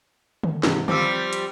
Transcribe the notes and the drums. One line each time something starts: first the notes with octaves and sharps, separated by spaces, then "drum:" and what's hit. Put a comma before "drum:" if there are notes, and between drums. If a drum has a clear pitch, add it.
drum: tom D3
G#2 C3 E3, drum: snare
F3 G3 C4 D6 E6, drum: tom D3
drum: hi-hat